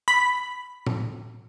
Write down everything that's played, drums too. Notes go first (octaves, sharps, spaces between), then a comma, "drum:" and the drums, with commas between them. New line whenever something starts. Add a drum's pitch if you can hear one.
B5
drum: tom A2